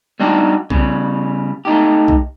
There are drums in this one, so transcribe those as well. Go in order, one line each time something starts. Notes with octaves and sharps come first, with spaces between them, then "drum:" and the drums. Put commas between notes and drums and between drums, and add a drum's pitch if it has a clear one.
G3 D4 D#4 F#4 G4
C#3 G3, drum: kick B1
A3 D#4 G4
drum: kick B1